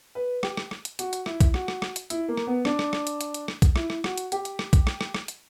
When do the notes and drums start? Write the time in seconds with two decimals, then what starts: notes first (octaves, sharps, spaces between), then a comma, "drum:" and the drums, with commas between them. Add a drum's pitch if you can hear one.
0.15 B4
0.43 G4, drum: rim click
0.57 drum: rim click
0.71 drum: rim click
0.85 drum: hi-hat
0.99 F#4, drum: hi-hat
1.13 drum: hi-hat
1.26 E4, drum: rim click
1.41 drum: kick B1, hi-hat
1.54 F#4, drum: rim click
1.68 drum: rim click
1.82 drum: rim click
1.96 drum: hi-hat
2.10 E4, drum: hi-hat
2.28 A#3
2.37 drum: rim click
2.47 B3
2.65 D4, drum: rim click
2.79 drum: rim click
2.93 drum: rim click
3.07 drum: hi-hat
3.21 drum: hi-hat
3.34 drum: hi-hat
3.48 drum: rim click
3.62 drum: kick B1, hi-hat
3.76 E4, drum: rim click
3.90 drum: rim click
4.04 F#4, drum: rim click
4.18 drum: hi-hat
4.32 G4, drum: hi-hat
4.45 drum: hi-hat
4.59 drum: rim click
4.73 drum: kick B1, hi-hat
4.87 drum: rim click
5.01 drum: rim click
5.14 drum: rim click
5.28 drum: hi-hat